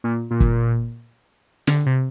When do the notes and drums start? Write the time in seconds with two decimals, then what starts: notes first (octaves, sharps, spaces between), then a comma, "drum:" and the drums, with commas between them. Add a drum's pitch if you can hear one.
0.04 A#2
0.31 A#2
0.40 drum: kick
1.67 D3, drum: snare
1.86 C3